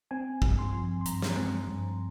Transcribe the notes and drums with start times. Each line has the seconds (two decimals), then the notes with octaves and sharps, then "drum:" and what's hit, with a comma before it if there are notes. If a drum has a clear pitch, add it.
0.11 C4 G#5
0.42 G2, drum: kick
0.59 C6
0.73 F3
1.01 C6
1.06 G2 A#5, drum: hi-hat
1.22 drum: snare
1.36 C4, drum: tom
1.69 G2